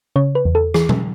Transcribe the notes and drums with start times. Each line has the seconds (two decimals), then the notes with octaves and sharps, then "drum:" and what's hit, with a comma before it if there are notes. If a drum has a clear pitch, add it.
0.16 C#3 C#5
0.35 B4
0.45 E2
0.55 A4
0.74 E3 G#4, drum: rim click
0.89 drum: tom B2